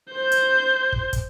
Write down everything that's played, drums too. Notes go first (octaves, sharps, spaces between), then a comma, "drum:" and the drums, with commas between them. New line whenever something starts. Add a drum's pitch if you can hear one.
C5 G6
drum: hi-hat
drum: kick
drum: kick, hi-hat